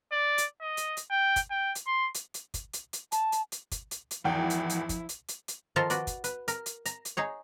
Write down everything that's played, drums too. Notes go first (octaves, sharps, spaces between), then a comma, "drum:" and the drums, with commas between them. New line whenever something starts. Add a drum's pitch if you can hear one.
D5
drum: hi-hat
D#5
drum: hi-hat
drum: hi-hat
G5
drum: kick, hi-hat
G5
drum: hi-hat
C6
drum: hi-hat
drum: hi-hat
drum: kick, hi-hat
drum: hi-hat
drum: hi-hat
A5, drum: hi-hat
drum: hi-hat
drum: hi-hat
drum: kick, hi-hat
drum: hi-hat
drum: hi-hat
G#1 E2 F3 E4 G5
drum: hi-hat
drum: hi-hat
drum: kick, hi-hat
drum: hi-hat
drum: hi-hat
drum: hi-hat
D#3 F3 F4 A4 A5 A#5
F#4 B4 D5, drum: hi-hat
drum: kick, hi-hat
B4, drum: hi-hat
A#4, drum: hi-hat
drum: hi-hat
A#5, drum: hi-hat
drum: hi-hat
D#4 G#4 C#5